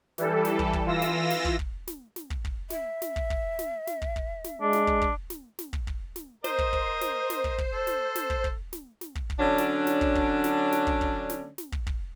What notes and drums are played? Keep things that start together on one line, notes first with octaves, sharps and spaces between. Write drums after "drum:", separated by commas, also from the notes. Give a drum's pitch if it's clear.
E3 G3 A4, drum: snare
drum: snare
drum: kick
drum: kick
E3 F4 E6 A#6
drum: snare
drum: snare
drum: kick
drum: kick
drum: snare
drum: snare
drum: kick
drum: kick
E5, drum: snare
drum: snare
drum: kick
drum: kick
drum: snare
drum: snare
drum: kick
drum: kick
drum: snare
G#3 D4
drum: snare
drum: kick
drum: kick
drum: snare
drum: snare
drum: kick
drum: kick
drum: snare
A#4 C5 D#5, drum: snare
drum: kick
drum: kick
drum: snare
drum: snare
drum: kick
drum: kick
A4
drum: snare
drum: snare
drum: kick
drum: kick
drum: snare
drum: snare
drum: kick
drum: kick
D3 F#3 C#4 D4
drum: snare
drum: snare
drum: kick
drum: kick
drum: snare
drum: snare
drum: kick
drum: kick
drum: snare
drum: snare
drum: kick
drum: kick